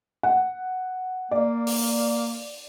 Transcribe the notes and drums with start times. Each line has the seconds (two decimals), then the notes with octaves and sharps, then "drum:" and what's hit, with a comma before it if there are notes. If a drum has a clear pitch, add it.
0.23 F#5
1.31 A#3 D5
1.67 drum: open hi-hat